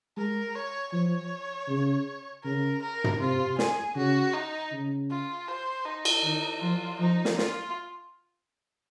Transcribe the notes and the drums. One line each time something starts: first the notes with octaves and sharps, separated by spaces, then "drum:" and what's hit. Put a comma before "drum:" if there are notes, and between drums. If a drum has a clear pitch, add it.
G#3 A#4
C#5
F3 C#5
C#3
C#3 A#4
A#4
drum: tom
C3 F4
G#4, drum: snare
C#3 F#4
D#4
C#3
F4
C5
D#4
drum: cymbal
D#3 D#4
F3 F4
F3 D#4
drum: snare
F4, drum: snare